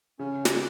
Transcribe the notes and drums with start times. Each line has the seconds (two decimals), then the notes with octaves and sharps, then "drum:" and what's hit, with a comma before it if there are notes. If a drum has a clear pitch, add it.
0.19 C#3 C#4
0.45 drum: snare